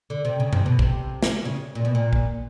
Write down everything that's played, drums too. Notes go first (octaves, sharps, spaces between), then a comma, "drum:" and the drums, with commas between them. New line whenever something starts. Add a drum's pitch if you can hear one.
D3
C3
C#3
C3, drum: tom F#2
B2
C3, drum: kick A#1
drum: snare
C#3
A#2
B2
A#2
drum: kick A#1